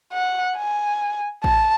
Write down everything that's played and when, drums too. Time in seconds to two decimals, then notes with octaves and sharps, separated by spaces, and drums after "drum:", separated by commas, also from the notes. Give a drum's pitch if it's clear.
0.13 F#5
0.57 G#5
1.44 A5, drum: kick A1